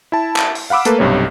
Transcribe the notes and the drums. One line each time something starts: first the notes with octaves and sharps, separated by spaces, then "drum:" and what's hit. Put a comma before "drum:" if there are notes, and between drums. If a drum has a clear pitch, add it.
E4 A5
drum: clap
drum: open hi-hat
F5 F#5 B5 D6 E6
A3 A#3 A4 B4, drum: hi-hat
B1 G2 C3 C#5